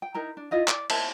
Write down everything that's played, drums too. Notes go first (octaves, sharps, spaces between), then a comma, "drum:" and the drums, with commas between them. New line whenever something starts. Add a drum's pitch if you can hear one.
G5
D#4 E4 A#4 A#5
D4
E4 F4 D#5 F5
D5, drum: clap
A#4 C5 E5 A5, drum: cymbal